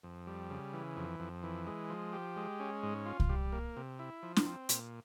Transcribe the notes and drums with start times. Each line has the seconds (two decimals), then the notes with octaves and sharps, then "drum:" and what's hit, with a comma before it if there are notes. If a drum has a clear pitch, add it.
0.04 F2
0.27 G3
0.50 C#3
0.73 E3
0.97 F2
1.20 F2
1.43 E3
1.67 G#3
1.90 F3
2.13 G4
2.36 G#3
2.60 C#4
2.83 G#2
3.06 F4
3.20 drum: kick C2
3.29 G3
3.52 A#3
3.76 C3
3.99 E4
4.23 F3
4.36 drum: snare
4.46 C4
4.69 A#2, drum: hi-hat